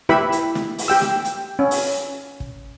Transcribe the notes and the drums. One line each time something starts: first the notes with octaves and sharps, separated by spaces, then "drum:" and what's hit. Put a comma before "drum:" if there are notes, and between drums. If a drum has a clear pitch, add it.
E4 G4 B4 E5 B5, drum: snare
drum: hi-hat
drum: snare
drum: open hi-hat
G4 G5 E6
drum: snare
drum: hi-hat
C#4
drum: open hi-hat
drum: kick